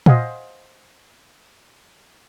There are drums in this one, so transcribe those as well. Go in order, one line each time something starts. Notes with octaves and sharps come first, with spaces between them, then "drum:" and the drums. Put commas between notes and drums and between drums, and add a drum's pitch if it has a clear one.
C5 D#5 F5 F#5 G#5, drum: tom A#2